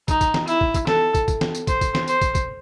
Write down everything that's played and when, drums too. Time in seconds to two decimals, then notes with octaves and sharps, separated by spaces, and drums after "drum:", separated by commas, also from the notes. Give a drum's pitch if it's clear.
0.08 D#4, drum: kick, tambourine
0.21 drum: kick, tambourine
0.34 drum: snare
0.48 E4, drum: tambourine
0.61 drum: kick
0.74 drum: kick, tambourine
0.87 A4, drum: snare
1.14 drum: kick, tambourine
1.28 drum: kick, tambourine
1.41 drum: snare
1.55 drum: tambourine
1.67 C5, drum: kick, tambourine
1.81 drum: kick, tambourine
1.95 drum: snare
2.08 C5, drum: tambourine
2.21 drum: kick, tambourine
2.35 drum: kick, tambourine